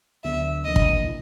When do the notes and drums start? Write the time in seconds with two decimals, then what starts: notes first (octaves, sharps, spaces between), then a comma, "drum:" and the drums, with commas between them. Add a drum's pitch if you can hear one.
0.24 D2 D3 F#3 B3 D4 E5
0.65 C#2 C3 F3 A#3 D4 D#5
0.76 drum: kick
1.06 E4